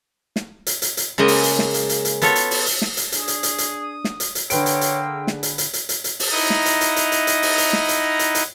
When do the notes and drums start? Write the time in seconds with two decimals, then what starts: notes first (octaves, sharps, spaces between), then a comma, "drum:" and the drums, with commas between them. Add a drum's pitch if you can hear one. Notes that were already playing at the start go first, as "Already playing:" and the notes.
0.36 drum: snare
0.66 drum: hi-hat
0.82 drum: hi-hat
0.97 drum: hi-hat
1.18 C#3 G#3 A#3 D#5 G5
1.28 drum: open hi-hat
1.43 drum: hi-hat
1.59 drum: snare
1.74 drum: hi-hat
1.89 drum: hi-hat
2.05 drum: hi-hat
2.22 B3 F4 A4 C#5, drum: hi-hat
2.35 drum: hi-hat
2.51 drum: open hi-hat
2.66 drum: hi-hat
2.82 drum: snare
2.97 drum: hi-hat
3.12 D4 G#4, drum: hi-hat
3.28 drum: hi-hat
3.43 drum: hi-hat
3.58 drum: hi-hat
3.80 D#6
4.04 drum: snare
4.20 drum: hi-hat
4.35 drum: hi-hat
4.50 D3 A#3 B4 C#5 G5 C6 E6 D7, drum: hi-hat
4.66 drum: hi-hat
4.81 drum: hi-hat
5.08 D4 G#4
5.27 drum: snare
5.43 drum: hi-hat
5.58 drum: hi-hat
5.73 drum: hi-hat
5.89 drum: hi-hat
6.04 drum: hi-hat
6.20 drum: open hi-hat
6.31 D#4 E4 D#5 F#5 A#5
6.50 drum: snare
6.66 drum: hi-hat
6.81 drum: hi-hat
6.96 drum: hi-hat
7.12 drum: hi-hat
7.27 drum: hi-hat
7.42 drum: open hi-hat
7.58 drum: hi-hat
7.73 drum: snare
7.89 drum: hi-hat
8.19 drum: hi-hat
8.35 drum: hi-hat